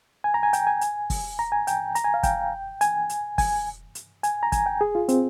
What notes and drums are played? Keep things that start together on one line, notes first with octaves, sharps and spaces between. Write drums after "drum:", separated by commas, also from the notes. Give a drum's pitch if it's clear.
G#5
A#5
G#5
G5, drum: hi-hat
G#5
drum: hi-hat
drum: kick, open hi-hat
A#5
G#5
G5, drum: hi-hat
A#5, drum: hi-hat
G#5
F5
G5, drum: kick, hi-hat
G#5, drum: hi-hat
drum: hi-hat
G#5, drum: kick, open hi-hat
drum: hi-hat
G#5, drum: hi-hat
A#5
G#5, drum: kick, hi-hat
G5
G#4
F4
C4, drum: hi-hat